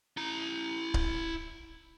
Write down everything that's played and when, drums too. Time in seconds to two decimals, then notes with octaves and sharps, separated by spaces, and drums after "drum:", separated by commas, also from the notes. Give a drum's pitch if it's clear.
0.17 E4 A#5
0.94 drum: kick